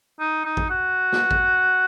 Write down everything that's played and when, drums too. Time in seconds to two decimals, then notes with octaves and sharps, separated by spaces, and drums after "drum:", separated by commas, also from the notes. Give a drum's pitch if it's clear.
0.20 D#4
0.45 D#4
0.57 drum: kick A1
0.70 F#4
1.12 drum: snare
1.31 drum: kick A1